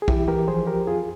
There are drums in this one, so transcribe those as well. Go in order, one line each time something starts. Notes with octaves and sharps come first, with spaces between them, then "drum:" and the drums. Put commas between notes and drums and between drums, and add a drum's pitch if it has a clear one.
G#4
E3 E4 G4, drum: kick
E3 G4 A#4
F3 G#4 C5
F3 G4 A#4
F2 F4 G#4